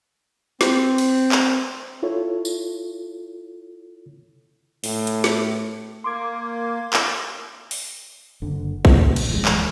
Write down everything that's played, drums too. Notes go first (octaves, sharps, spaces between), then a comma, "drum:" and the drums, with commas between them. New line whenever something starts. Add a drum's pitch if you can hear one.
C4, drum: snare
drum: cymbal
drum: clap
E4 F4 A4 C#5
drum: tambourine
A2, drum: open hi-hat
drum: hi-hat
drum: snare
A#3 C6 D6 G#6
drum: clap
drum: open hi-hat
F#1 D3
A#2 C#3, drum: kick
drum: cymbal
D1 A#1 E3 G#3
drum: clap